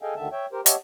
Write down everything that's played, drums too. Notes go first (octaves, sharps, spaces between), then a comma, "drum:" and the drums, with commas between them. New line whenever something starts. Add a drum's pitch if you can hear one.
G#4 A4 D#5 F5 G5 G#5
D2 D3 D#3 E5 A5
C#5 E5 G5
G4 A#4 C5
G4 C#5 D#5 E5 F#5 A5, drum: hi-hat